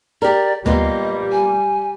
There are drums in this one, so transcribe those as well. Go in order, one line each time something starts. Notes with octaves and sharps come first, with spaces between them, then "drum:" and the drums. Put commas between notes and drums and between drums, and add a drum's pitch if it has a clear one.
G4 A#4 D5
G3 A#3 B3 F4 D#5, drum: tom D2
G#5